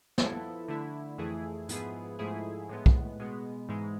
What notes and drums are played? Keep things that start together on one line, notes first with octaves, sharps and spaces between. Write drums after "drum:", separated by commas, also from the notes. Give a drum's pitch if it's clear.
F3 B3 E4 A4, drum: snare
D3 A3 E4
F2 E3 A3 E4 G#4
G#2 F3 B3 E4 G#4, drum: hi-hat
G#2 F3 A3 E4 G#4
A2 G#3 B3
drum: kick
B2 G#3 B3
G#2 E3 G#3